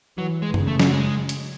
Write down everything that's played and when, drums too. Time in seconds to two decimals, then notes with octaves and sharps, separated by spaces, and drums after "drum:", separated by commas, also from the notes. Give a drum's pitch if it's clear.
0.18 E3 F#3
0.42 G#3
0.54 C#3, drum: tom F#2
0.67 A3
0.80 F#3, drum: snare
0.92 G#3
1.29 drum: hi-hat